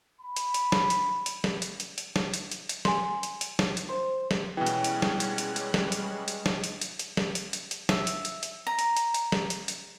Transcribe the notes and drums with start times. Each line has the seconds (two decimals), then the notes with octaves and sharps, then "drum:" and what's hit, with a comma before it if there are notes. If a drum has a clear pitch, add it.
0.20 B5
0.36 drum: hi-hat
0.54 drum: hi-hat
0.72 drum: snare
0.90 drum: hi-hat
1.26 drum: hi-hat
1.44 drum: snare
1.62 drum: hi-hat
1.80 drum: hi-hat
1.98 drum: hi-hat
2.16 drum: snare
2.34 drum: hi-hat
2.51 drum: hi-hat
2.69 drum: hi-hat
2.85 G#5 C6, drum: snare
3.23 drum: hi-hat
3.41 drum: hi-hat
3.59 drum: snare
3.77 drum: hi-hat
3.89 C5
4.31 drum: snare
4.57 B2 E3 G3 G#3 C#4 G5 F#6
4.66 drum: hi-hat
4.84 drum: hi-hat
5.02 drum: snare
5.20 drum: hi-hat
5.38 drum: hi-hat
5.56 drum: hi-hat
5.74 drum: snare
5.92 drum: hi-hat
6.28 drum: hi-hat
6.46 drum: snare
6.64 drum: hi-hat
6.81 drum: hi-hat
6.99 drum: hi-hat
7.17 drum: snare
7.35 drum: hi-hat
7.53 drum: hi-hat
7.71 drum: hi-hat
7.89 E5, drum: snare
8.07 drum: hi-hat
8.25 drum: hi-hat
8.43 drum: hi-hat
8.67 A#5
8.79 drum: hi-hat
8.97 drum: hi-hat
9.14 drum: hi-hat
9.32 drum: snare
9.50 drum: hi-hat
9.68 drum: hi-hat